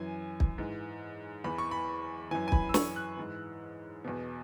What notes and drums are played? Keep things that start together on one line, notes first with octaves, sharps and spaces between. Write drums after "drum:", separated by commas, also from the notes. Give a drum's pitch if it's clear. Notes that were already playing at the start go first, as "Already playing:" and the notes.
Already playing: F#2 E3 G#5
drum: kick
G#2 E3
E2 E3 B5
C#6
B5
F#2 E3 G#5
G#5
B5, drum: kick
E6
C#6, drum: snare
F#6
G#2 E3
E2 B2